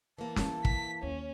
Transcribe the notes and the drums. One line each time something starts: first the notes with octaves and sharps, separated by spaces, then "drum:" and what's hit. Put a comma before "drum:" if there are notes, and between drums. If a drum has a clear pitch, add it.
E3 A#3 A5
drum: snare
B6, drum: kick
D#2 C#4